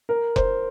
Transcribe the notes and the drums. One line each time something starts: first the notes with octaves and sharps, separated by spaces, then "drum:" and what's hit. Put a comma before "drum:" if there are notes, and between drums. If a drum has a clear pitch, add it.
A#4
C5, drum: kick F1